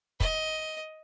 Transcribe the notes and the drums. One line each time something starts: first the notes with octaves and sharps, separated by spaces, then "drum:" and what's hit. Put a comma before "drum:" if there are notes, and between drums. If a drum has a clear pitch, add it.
D#5, drum: kick